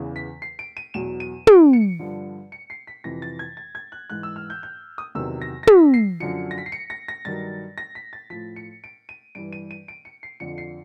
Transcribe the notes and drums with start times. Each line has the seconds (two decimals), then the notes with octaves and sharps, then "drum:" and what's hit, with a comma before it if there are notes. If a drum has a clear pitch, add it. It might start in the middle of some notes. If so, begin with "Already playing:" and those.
Already playing: E2 C#3 E3
0.16 B6
0.42 C7
0.59 D7
0.77 D#7
0.94 E2 B2 F#3 E7
1.20 D#7
1.47 D7, drum: tom
1.73 C#7
1.99 G2 D3 F3
2.52 C#7
2.70 C7
2.87 B6
3.04 F2 C3 E3 A#6
3.22 A6
3.39 G#6
3.57 A6
3.75 G#6
3.92 F#6
4.10 G#2 E3 F#6
4.23 E6
4.36 F6
4.50 G6
4.63 G6
4.98 D#6
5.15 E2 C3 D#3 F#3 E6
5.42 A#6
5.63 A#6
5.67 B6, drum: tom
5.94 C7
6.20 F#2 D3 F3 C#7
6.51 A#6
6.58 B6
6.66 C7
6.72 C#7
6.90 A#6
7.08 A#6
7.25 G2 D#3 F#3 A6
7.78 A#6
7.95 B6
8.13 A6
8.30 A2 F3 B6
8.56 C#7
8.84 D7
9.09 D#7
9.35 G2 E3 D7
9.53 D#7
9.71 D#7
9.88 D7
10.05 C#7
10.23 C7
10.40 F2 D3 F3 C#7
10.58 C7